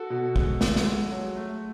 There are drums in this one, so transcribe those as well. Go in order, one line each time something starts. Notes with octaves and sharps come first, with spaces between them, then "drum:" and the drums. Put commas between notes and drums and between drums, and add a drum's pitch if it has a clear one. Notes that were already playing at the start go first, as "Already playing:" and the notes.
Already playing: F#4 A4
B2
G#3, drum: kick
G#3, drum: snare
drum: snare
G#3
F#3
A3